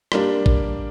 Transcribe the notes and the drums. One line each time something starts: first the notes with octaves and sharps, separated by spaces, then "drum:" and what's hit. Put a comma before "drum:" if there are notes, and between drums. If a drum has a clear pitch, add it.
G3 A#3 D4, drum: rim click
drum: kick